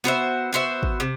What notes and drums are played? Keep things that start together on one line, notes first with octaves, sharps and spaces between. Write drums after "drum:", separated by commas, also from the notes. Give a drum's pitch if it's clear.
B3 F#4 C5 E5
B3 F#4 C5 E5
drum: kick G#1
C3